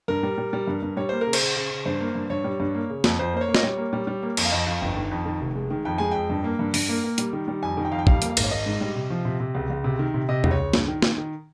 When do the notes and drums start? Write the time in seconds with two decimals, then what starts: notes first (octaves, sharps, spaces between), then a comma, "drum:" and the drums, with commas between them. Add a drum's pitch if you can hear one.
0.08 G2 A#4
0.23 G3
0.38 G3
0.53 G3
0.67 G2
0.82 G2
0.97 G3 C#5
1.09 A#3 C5
1.21 A#4
1.27 C#3
1.33 C5, drum: cymbal
1.42 C#3
1.56 C#3
1.71 C#3
1.86 G2 C5
2.00 A#3
2.15 G2
2.30 G2 C#5
2.44 G3
2.60 G2
2.74 A#3
2.90 C#3
3.04 F2, drum: snare
3.19 F2 C5
3.34 A#3 C5
3.41 C#5
3.48 A#3
3.55 D#5, drum: snare
3.63 G3 C#5
3.77 A#3
3.93 G3
4.07 G3
4.22 A#3
4.37 F2, drum: cymbal
4.45 F5
4.52 F2 D#5
4.67 F2 F5
4.81 G1 G5
4.97 D#3
5.11 F2
5.26 D#3
5.41 F1
5.55 G#3
5.70 D#3
5.85 F2 G5
5.98 G#3 G#5
6.11 F2 G5
6.30 G2
6.44 A#3
6.59 G2
6.74 G2, drum: open hi-hat
6.89 A#3
7.04 A#3
7.18 G3, drum: hi-hat
7.33 D#3
7.48 G3
7.63 F2 G#5
7.77 D#3
7.85 G5
7.92 F2 F5
7.99 G5
8.07 G3 F5, drum: kick
8.22 A#3, drum: hi-hat
8.29 F5
8.37 G#1, drum: cymbal
8.43 C#5
8.51 G#1 D#5
8.66 G#2
8.81 G3
8.95 C3
9.10 F3
9.25 C3
9.40 C3
9.54 C#2
9.70 C#2
9.84 C3
9.99 D#3
10.14 C3
10.29 C3 D#5
10.44 C#2, drum: tom E2
10.51 C#5
10.58 C#2
10.74 G2, drum: snare
10.88 D#3
11.02 D#3, drum: snare
11.17 D#3